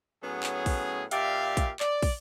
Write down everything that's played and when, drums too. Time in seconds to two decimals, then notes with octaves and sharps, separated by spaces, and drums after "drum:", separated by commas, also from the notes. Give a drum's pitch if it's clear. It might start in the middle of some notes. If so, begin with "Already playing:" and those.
0.23 A2 F#3 B3 C#4 G#4
0.43 drum: clap
0.66 drum: kick, open hi-hat
1.11 A#2 G4 D5 E5 F5, drum: hi-hat
1.57 drum: kick, hi-hat
1.80 D5, drum: clap
2.02 drum: kick, open hi-hat